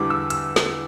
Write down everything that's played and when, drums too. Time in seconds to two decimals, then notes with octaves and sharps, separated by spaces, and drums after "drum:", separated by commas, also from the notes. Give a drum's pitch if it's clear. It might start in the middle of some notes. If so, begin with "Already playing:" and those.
Already playing: E2 D3 G3 D6
0.10 E6
0.30 E6, drum: hi-hat
0.56 drum: snare